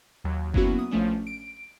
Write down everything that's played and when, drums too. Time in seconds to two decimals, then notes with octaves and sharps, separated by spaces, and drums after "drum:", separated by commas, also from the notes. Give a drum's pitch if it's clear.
0.24 D#2 F#3
0.54 F#3 A#3 B3 C#4 E4 F#4, drum: kick F#1
0.79 D#6
0.91 A1 F3 A3 C#4 D4
1.27 D7